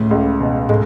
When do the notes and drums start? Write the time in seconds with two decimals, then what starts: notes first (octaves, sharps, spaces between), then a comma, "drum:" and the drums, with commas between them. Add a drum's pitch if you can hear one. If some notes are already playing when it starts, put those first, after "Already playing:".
Already playing: C#2 A2 C#4
0.11 C#2
0.41 B2
0.69 G#3, drum: tom